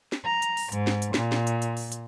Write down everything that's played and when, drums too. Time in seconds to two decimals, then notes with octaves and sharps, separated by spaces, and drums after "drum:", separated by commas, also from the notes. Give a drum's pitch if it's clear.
0.12 drum: snare
0.23 A#5
0.42 drum: hi-hat
0.57 drum: open hi-hat
0.72 G#2, drum: hi-hat
0.87 drum: snare
1.02 drum: hi-hat
1.14 A#2, drum: snare
1.32 drum: snare
1.47 drum: hi-hat
1.62 drum: hi-hat
1.77 drum: open hi-hat
1.92 drum: hi-hat